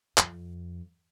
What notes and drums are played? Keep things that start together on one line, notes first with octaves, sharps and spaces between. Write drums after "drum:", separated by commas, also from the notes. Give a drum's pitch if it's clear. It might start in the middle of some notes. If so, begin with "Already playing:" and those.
F2, drum: clap